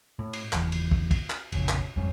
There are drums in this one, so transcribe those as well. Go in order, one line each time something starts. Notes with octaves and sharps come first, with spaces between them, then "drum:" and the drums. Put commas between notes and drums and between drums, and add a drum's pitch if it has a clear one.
A2
drum: cymbal
F#1 E2, drum: clap
drum: cymbal
drum: kick
drum: kick, cymbal
drum: clap
F1 A#1 C#3, drum: cymbal
drum: clap
G#1 F2 G3 C#4